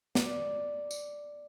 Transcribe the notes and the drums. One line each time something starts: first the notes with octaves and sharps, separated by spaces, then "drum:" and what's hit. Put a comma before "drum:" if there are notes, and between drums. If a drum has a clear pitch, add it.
D5, drum: snare
drum: tambourine